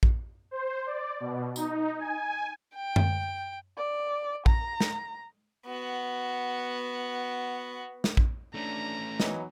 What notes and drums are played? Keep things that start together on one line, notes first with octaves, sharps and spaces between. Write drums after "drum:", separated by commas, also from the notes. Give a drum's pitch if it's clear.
drum: kick A#1
C5
D5
B2
D#4, drum: tambourine
G#5
G5
drum: tom F#2
D5
A#5, drum: kick A#1
drum: snare
B3 F#4
drum: snare
drum: kick A#1
A3 C#4 D4 A#5
E3 F#3 B3 D#4, drum: snare